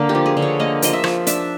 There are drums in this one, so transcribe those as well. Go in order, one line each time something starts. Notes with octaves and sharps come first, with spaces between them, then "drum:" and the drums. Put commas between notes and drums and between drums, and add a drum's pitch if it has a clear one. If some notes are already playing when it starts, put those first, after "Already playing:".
Already playing: D3 A#3
G4
F3
G#4
D3
C#5
A#3 D#5
F3 D#5, drum: hi-hat
E5
F3, drum: rim click
D4 E5, drum: hi-hat